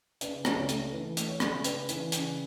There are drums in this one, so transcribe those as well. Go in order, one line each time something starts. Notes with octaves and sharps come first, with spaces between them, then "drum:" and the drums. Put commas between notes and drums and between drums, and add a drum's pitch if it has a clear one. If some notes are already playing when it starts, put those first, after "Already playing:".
C#3 B4 D5, drum: hi-hat
C#2 D5, drum: rim click
C#5
A3, drum: hi-hat
E3 B4
A3, drum: hi-hat
C#5
C#3, drum: rim click
C#3 B4 D5, drum: hi-hat
E3, drum: hi-hat
C#3, drum: hi-hat